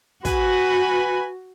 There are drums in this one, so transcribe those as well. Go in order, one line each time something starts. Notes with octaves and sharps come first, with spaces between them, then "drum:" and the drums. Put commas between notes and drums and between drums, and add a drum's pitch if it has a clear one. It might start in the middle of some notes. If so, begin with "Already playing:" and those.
F#4 B4 G#5 B5, drum: kick, hi-hat